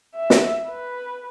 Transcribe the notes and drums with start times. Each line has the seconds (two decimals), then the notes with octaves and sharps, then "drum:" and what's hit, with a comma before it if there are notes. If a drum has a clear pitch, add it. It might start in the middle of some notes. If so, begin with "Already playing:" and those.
0.16 E5
0.30 drum: snare
0.68 B4